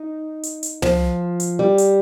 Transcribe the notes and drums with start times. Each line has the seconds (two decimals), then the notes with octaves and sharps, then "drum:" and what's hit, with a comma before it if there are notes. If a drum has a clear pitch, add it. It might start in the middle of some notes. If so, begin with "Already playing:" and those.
Already playing: D#4
0.43 drum: hi-hat
0.63 drum: hi-hat
0.82 F3, drum: tom
1.40 drum: hi-hat
1.59 G3
1.78 drum: hi-hat